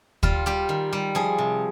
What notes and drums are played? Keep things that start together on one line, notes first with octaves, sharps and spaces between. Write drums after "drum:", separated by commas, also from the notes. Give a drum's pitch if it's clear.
G3 F4, drum: kick
G3 G4
D#3
G3
F3 G#4
C3